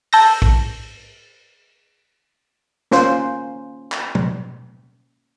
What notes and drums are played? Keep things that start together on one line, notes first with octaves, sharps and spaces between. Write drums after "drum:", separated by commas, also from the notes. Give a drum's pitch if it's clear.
A5 E6 G6 A#6, drum: open hi-hat
drum: kick
A#3 C#4 F4 C5, drum: snare
drum: clap
drum: tom